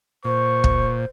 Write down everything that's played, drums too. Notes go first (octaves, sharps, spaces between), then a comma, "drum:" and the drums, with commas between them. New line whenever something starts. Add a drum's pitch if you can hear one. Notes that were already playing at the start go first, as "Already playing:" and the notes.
A#2 C5 C#6
drum: kick